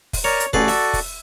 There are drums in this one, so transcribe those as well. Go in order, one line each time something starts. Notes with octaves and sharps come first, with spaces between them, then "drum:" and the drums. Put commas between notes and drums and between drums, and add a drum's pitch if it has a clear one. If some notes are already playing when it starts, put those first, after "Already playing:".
drum: kick, open hi-hat
A#4 C#5 D5 A#5
drum: hi-hat
A1 F#4 G#4 A4 B4 D5, drum: kick
E5, drum: open hi-hat
drum: kick, open hi-hat